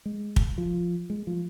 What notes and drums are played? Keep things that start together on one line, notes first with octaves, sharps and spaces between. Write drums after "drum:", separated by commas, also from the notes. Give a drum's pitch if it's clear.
G#3
drum: kick
F3
G#3
F3